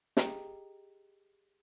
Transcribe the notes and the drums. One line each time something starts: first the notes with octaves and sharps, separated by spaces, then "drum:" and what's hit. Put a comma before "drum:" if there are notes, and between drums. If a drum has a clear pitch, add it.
G4 G#4 D#5 G5 A#5 C#7, drum: snare